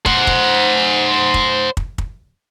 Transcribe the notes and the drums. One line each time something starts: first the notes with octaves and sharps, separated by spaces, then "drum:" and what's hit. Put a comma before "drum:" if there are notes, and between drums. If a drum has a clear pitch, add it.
C5 F#5, drum: kick
drum: kick
drum: kick
drum: kick
drum: kick